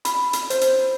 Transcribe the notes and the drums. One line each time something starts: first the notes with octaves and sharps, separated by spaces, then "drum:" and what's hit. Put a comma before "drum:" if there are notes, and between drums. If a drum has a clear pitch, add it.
B5, drum: hi-hat
drum: hi-hat
C5, drum: hi-hat
drum: hi-hat